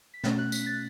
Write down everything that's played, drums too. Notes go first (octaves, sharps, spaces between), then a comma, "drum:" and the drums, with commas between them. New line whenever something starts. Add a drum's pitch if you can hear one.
B6
B2 A3 C#4 A6, drum: snare
F#6
B6, drum: tambourine
A6